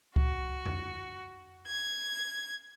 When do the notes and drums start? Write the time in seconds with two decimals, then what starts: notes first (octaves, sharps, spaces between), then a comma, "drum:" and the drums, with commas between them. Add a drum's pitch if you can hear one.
0.16 F#4, drum: kick C#2
0.66 drum: tom
1.67 G#6